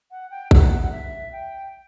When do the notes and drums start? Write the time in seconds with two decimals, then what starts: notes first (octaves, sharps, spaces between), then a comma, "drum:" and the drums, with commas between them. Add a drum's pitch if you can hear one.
0.11 F#5
0.30 G5
0.51 F#5, drum: kick
0.82 F#5
0.92 E5
1.32 G5